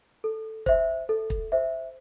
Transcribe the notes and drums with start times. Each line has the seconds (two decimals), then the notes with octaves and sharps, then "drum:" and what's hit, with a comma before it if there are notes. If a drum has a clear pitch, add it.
0.24 A4
0.66 C5 E5, drum: kick
1.09 A4
1.30 drum: kick
1.52 C5 E5